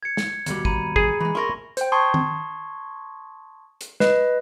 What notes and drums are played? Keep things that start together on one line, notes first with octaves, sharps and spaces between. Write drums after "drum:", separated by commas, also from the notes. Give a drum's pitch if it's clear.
G#6 C#7
drum: snare
D#2 B2 G3, drum: hi-hat
A#5 B5 D#7, drum: kick
G#4, drum: kick
E3 G#3 B5
A#4 E5 C6 C#6 A#6
C5 G5, drum: hi-hat
A5 C6 C#6 D#6 G#6
drum: tom D#3
drum: hi-hat
B4 D#5, drum: snare